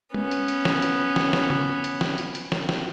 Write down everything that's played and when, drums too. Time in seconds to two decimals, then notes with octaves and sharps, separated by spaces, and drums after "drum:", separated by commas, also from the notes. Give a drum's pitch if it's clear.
0.14 B3 C#4, drum: tom
0.31 drum: hi-hat
0.48 drum: hi-hat
0.65 drum: snare
0.82 drum: hi-hat
1.16 drum: snare
1.33 drum: snare
1.50 drum: tom
1.84 drum: hi-hat
2.01 drum: snare
2.18 drum: hi-hat
2.35 drum: hi-hat
2.52 drum: snare
2.69 drum: snare